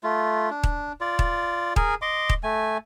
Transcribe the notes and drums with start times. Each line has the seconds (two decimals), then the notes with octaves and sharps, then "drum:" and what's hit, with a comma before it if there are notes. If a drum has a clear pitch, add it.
0.03 A3 F4
0.50 D4
0.63 drum: kick D#1
1.01 F4 D5
1.19 drum: kick D#1
1.76 G#4 A#4 G#5, drum: kick D#1
2.02 D#5 C6 D6
2.29 drum: kick D#1
2.43 A3 G#5